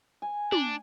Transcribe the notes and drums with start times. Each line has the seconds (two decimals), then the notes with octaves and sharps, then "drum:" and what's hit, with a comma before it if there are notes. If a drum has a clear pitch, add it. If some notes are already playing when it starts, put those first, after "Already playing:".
0.22 G#5
0.52 D4, drum: tom